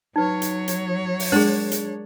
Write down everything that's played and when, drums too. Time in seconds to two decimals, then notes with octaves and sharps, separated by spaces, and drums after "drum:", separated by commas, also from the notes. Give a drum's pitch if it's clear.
0.16 F#3 D#4 B4 C#5
0.42 drum: hi-hat
0.68 drum: hi-hat
1.20 drum: open hi-hat
1.32 G#3 D4 G#4 A#4
1.72 drum: hi-hat